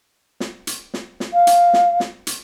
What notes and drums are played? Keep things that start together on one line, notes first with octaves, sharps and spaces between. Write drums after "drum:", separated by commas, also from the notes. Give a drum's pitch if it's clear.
drum: snare
drum: hi-hat
drum: snare
drum: snare
F5
drum: hi-hat
drum: snare
drum: snare
drum: hi-hat